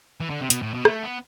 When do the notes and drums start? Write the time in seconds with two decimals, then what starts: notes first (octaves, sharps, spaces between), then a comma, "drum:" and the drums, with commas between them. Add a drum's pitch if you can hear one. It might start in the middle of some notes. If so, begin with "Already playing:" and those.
0.20 E3
0.30 D3
0.41 C3
0.50 B2, drum: hi-hat
0.62 A2
0.74 B2
0.85 A3, drum: rim click
1.03 B3